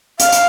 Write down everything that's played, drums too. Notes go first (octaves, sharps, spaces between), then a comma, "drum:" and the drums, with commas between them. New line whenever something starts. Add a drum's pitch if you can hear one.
F5, drum: hi-hat
drum: hi-hat